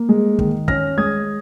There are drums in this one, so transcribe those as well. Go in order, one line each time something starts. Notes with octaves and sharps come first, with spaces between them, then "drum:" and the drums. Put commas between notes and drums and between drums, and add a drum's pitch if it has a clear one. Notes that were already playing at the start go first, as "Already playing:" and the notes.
Already playing: A#3
G#3
D#3, drum: kick
C#4 F6 A#6, drum: kick
G#3 D#6 G#6